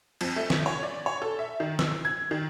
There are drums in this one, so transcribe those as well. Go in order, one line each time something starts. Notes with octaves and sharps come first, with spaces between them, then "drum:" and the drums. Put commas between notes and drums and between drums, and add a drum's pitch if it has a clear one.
F2, drum: cymbal
A3
drum: snare
C#5
D5
C#5
A4
E5
D#3
E6, drum: snare
G#6
D#3